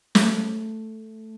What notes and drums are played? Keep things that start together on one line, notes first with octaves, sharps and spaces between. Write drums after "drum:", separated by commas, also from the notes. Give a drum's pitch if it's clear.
A3, drum: snare